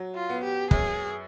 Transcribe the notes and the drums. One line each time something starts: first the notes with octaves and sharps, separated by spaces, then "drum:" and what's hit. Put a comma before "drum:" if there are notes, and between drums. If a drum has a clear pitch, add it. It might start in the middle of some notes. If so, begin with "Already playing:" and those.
Already playing: F#3
F4
B3
G4
F#2 G#4, drum: kick